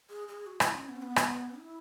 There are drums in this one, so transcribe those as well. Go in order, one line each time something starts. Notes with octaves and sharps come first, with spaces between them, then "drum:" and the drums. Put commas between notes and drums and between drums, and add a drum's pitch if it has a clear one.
G#4
G#4
F#4
E4, drum: rim click
C#4
B3
C#4
B3
drum: rim click
E4